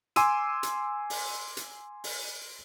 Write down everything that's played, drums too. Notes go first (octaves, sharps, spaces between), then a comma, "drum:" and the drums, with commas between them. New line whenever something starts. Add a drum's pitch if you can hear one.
G#5 C6 D6 E6 D#7, drum: hi-hat
drum: hi-hat
drum: open hi-hat
drum: hi-hat
drum: open hi-hat